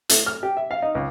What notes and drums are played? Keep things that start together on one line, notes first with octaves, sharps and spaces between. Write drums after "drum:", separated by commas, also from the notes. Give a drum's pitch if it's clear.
A3, drum: hi-hat
F6
G4
E5
F5
D#4
C#2